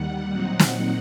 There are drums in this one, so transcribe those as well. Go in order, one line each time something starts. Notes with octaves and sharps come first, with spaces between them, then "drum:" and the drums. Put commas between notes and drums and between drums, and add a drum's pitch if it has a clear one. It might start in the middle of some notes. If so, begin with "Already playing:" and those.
Already playing: D#2 D#3 G3 F#5
A#2 F#3 C4 D#4
drum: snare